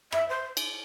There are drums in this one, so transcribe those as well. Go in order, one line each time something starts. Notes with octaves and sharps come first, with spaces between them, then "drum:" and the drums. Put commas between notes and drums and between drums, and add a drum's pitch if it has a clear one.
E5, drum: rim click
C5
drum: cymbal